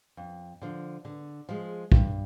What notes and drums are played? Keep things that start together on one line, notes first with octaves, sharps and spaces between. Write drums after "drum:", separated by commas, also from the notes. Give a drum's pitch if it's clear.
F2
D3 F3
D3
F3 G#3
G2, drum: kick